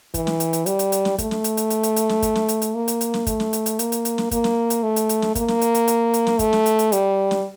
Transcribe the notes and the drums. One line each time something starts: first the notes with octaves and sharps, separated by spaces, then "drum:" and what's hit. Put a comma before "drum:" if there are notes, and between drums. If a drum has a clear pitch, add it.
E3, drum: kick, hi-hat
drum: snare
drum: hi-hat
drum: hi-hat
G3, drum: hi-hat
drum: hi-hat
drum: hi-hat
drum: snare
A3, drum: kick, hi-hat
drum: snare
drum: hi-hat
drum: hi-hat
drum: hi-hat
drum: hi-hat
drum: hi-hat
drum: snare
drum: kick, hi-hat
drum: snare
drum: hi-hat
drum: hi-hat
A#3
drum: hi-hat
drum: hi-hat
drum: snare
A3, drum: kick, hi-hat
drum: snare
drum: hi-hat
drum: hi-hat
A#3, drum: hi-hat
drum: hi-hat
drum: hi-hat
drum: snare
A#3, drum: kick, hi-hat
drum: snare
drum: hi-hat
A3
drum: hi-hat
drum: hi-hat
drum: snare
A#3, drum: kick, hi-hat
drum: snare
drum: hi-hat
drum: hi-hat
drum: hi-hat
drum: hi-hat
drum: snare
A3, drum: kick, hi-hat
drum: snare
drum: hi-hat
drum: hi-hat
G3, drum: hi-hat
drum: snare